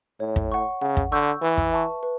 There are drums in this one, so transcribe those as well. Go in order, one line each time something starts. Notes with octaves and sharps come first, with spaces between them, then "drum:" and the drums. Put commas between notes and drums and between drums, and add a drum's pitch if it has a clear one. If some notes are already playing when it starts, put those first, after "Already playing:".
A2 C#5
drum: kick
F#5 C#6
C#3 F#5
drum: kick
D3 C#6 E6 G6
E3 B4
drum: kick
E5 A5 C#6
B4